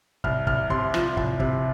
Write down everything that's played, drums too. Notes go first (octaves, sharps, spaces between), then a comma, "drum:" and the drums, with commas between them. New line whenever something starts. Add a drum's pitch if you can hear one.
C2 F6, drum: kick
C2 F6, drum: kick
C3 C6, drum: kick
F3, drum: rim click
C2, drum: kick
C3, drum: kick